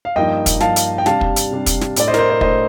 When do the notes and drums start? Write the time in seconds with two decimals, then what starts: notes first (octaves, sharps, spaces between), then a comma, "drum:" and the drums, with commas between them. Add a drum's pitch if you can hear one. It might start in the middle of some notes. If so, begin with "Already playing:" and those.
0.05 F5
0.16 G2 F3 A#3 D#4 D#5 G5
0.46 drum: kick, hi-hat
0.60 G2 F3 A#3 D#4 F5 A5, drum: snare
0.76 drum: hi-hat
0.98 G5
1.06 C3 G3 D4 F5 A5, drum: snare
1.21 drum: kick
1.36 drum: hi-hat
1.51 C3 G3 D4
1.66 drum: kick, hi-hat
1.81 drum: snare
1.96 A2 A3 D4 D5, drum: hi-hat
2.08 C5 D#5
2.14 A#4, drum: snare
2.19 C5
2.30 C5
2.41 A2 A3 D4 C5 D#5, drum: kick